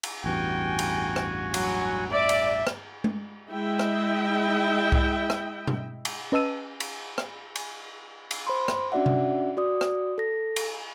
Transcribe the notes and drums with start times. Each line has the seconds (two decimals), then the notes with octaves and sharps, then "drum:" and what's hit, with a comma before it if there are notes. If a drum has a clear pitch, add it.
0.03 drum: cymbal
0.24 A1 E2 G2 F#4 G5 G#5
0.79 drum: cymbal
1.16 drum: rim click
1.54 F#3, drum: cymbal
2.12 D5 E5
2.29 drum: cymbal
2.67 drum: rim click
3.04 drum: tom G#3
3.50 G#3 E4 D#5 E5 G5
3.79 drum: rim click
4.92 drum: kick C2
5.30 drum: rim click
5.67 drum: tom B2
6.05 drum: cymbal
6.32 C#4 B4 D#5 A5 E6 D#7
6.80 drum: cymbal
7.18 drum: rim click
7.55 drum: cymbal
8.31 drum: cymbal
8.47 C5 B5 C6
8.68 drum: rim click
8.92 C#4 D4 F#4 D5 E5 F#5
9.06 drum: tom C3
9.57 F#4 D5 D#6
9.81 drum: rim click
10.18 A4 A#6
10.56 drum: cymbal